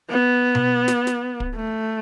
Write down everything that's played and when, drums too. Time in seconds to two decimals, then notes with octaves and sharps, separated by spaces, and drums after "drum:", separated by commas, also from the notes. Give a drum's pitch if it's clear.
0.11 B3
0.55 drum: tom B2
0.88 drum: snare
1.07 drum: snare
1.40 drum: kick
1.56 A3